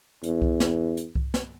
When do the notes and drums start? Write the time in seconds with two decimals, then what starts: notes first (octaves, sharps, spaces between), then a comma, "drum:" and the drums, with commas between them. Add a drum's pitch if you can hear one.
0.23 E2, drum: hi-hat
0.42 drum: kick C2
0.60 drum: snare
0.97 drum: hi-hat
1.15 drum: kick C2
1.34 drum: snare